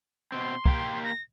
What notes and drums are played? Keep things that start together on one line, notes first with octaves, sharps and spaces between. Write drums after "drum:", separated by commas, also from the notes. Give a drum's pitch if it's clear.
B2 C4 C6
A#3 G4 G5, drum: kick
A#6